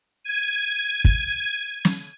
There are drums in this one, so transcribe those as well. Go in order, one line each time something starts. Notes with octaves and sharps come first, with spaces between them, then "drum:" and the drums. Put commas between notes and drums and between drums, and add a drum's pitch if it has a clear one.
G#6 D#7
drum: kick
drum: snare